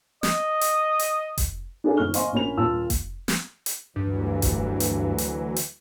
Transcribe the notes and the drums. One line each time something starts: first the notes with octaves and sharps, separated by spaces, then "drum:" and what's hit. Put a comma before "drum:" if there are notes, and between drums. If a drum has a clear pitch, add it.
D#5, drum: snare
drum: hi-hat
drum: hi-hat
drum: kick F1, hi-hat
D4 D#4 G#4 A4 C#5 F5
F#1 A#2 D#3 C#6 F6 G7
C5 D#5 F5 G#5 C6 C#6, drum: hi-hat
A#1 A#3 C#4 B5 F7
D#1 A#2 F4 A5 E6
drum: kick F1, hi-hat
drum: snare
drum: hi-hat
D2 G2 E3 F#3
drum: kick F1, hi-hat
drum: hi-hat
drum: hi-hat
drum: hi-hat